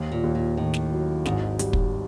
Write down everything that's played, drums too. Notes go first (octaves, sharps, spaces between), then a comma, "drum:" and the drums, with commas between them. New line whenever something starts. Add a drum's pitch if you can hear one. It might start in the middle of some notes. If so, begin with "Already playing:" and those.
Already playing: D#2
A#2
D#2
A#2
A2 D#3
drum: snare
F#3
G#1 G#2, drum: snare
G3, drum: hi-hat
drum: kick